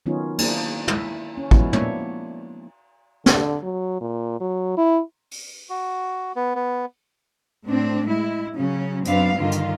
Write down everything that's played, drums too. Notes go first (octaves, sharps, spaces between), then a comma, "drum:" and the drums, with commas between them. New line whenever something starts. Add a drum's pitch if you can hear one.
D#3 F#3 B3 C#4 D#4 F4
A#3 D4 E4 G#4 C5, drum: cymbal
E4 E5, drum: tom
C#4
F3 G#3 B3 C#4 E4 F#4, drum: kick
A#3 B3 D4 C#5 E5, drum: tom
D3, drum: snare
F#3
A#2
F#3
E4
drum: open hi-hat
F#4
B3
B3
A2 C4 D4
G#3 E4
C#3 F#3 C#4
F#2 B3 C4 D4 B4 F5, drum: hi-hat
G2 D3 D#3 F4
drum: hi-hat